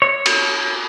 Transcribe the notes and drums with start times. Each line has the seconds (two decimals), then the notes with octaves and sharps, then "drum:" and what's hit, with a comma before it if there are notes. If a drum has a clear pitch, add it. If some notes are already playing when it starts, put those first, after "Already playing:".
0.02 C#5
0.26 drum: cymbal